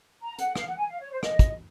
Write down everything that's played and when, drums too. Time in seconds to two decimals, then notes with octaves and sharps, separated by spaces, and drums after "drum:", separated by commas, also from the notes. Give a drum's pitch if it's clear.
0.21 A#5
0.38 F#5, drum: hi-hat
0.56 F5, drum: rim click
0.66 F#5
0.78 G#5
0.89 F5
1.00 C#5
1.11 C5
1.23 D#5, drum: rim click
1.39 drum: kick, hi-hat